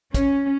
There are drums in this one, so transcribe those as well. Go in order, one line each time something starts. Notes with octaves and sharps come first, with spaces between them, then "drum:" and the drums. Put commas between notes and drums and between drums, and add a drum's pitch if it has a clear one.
C#4, drum: kick, hi-hat